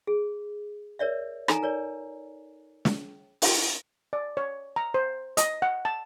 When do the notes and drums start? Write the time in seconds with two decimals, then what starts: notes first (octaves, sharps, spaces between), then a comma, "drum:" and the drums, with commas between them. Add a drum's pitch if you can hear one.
0.07 G#4
0.99 A#4 C#5 D5 E5
1.48 D#4 F4 A4 G#5 A#5, drum: rim click
1.63 A#4 C#5 D5
2.85 drum: snare
3.42 drum: open hi-hat
4.13 D5
4.37 C#5
4.76 A#5
4.94 C5
5.37 D#5, drum: hi-hat
5.62 F#5
5.85 A5